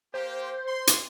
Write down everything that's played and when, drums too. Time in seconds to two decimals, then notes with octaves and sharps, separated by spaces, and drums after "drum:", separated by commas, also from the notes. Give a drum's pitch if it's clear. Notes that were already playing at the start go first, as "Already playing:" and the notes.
0.14 A#3 G4 C5
0.67 C6
0.87 drum: hi-hat